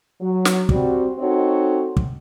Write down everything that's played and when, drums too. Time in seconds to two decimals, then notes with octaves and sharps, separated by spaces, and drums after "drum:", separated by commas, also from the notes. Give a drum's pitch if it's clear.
0.20 F#3
0.45 drum: snare
0.69 G3 C4 F#4, drum: kick
1.19 C4 D#4 F#4 A4 C#5 D#5
1.97 drum: kick